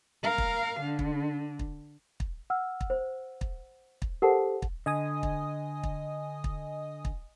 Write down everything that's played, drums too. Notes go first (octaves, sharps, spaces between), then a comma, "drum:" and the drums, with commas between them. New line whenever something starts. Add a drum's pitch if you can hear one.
A#4 F5
drum: kick
D3
drum: kick
drum: kick
drum: kick
F#5 E6 F6
drum: kick
C5
drum: kick
drum: kick
G4 A4 A#4 C5 F#5 A5
drum: kick
D3 D#5 G#5 D#6
drum: kick
drum: kick
drum: kick
drum: kick